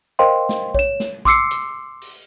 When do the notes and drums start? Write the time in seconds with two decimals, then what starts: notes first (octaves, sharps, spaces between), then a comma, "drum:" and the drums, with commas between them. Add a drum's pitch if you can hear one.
0.19 A#4 C5 D#5 F5 G5 C6
0.49 drum: snare
0.74 C#5 E7, drum: kick A#1
1.00 drum: snare
1.25 C6 D6 E6 C7 C#7, drum: kick A#1
1.51 drum: hi-hat
2.01 drum: open hi-hat